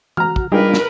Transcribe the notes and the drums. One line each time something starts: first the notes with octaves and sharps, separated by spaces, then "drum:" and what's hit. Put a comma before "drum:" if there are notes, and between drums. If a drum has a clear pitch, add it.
F#4 A#5 F6, drum: tom E3
drum: kick
G3 D4 D#4 F4 G4 G#4 A#4 B4
drum: snare